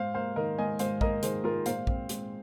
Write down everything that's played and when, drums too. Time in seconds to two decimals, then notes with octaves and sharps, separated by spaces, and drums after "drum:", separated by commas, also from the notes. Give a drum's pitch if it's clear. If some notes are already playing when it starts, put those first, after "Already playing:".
Already playing: G#2 C5 F5
0.15 A#3 C5 F5
0.36 D#3 A#4 D#5
0.58 G#2 D#5 G#5
0.79 G#2 C5 F5, drum: hi-hat
1.01 A#3 A#4 D#5, drum: kick
1.23 D#3 G#4 C5, drum: hi-hat
1.44 G#2 F4 A#4
1.66 A#2 C5 F5, drum: hi-hat
1.87 C4, drum: kick
2.09 G#3, drum: hi-hat